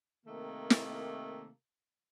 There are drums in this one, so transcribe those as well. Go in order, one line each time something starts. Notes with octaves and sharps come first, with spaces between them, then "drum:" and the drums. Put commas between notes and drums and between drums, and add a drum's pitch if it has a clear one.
C3 D#3 A3 A#3
drum: snare